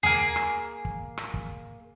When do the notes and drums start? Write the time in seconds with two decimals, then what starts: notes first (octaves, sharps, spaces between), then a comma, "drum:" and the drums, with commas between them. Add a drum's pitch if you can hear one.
0.03 A#3 G#4, drum: tom D#2
0.36 drum: rim click
0.85 drum: kick
1.17 drum: rim click
1.34 drum: kick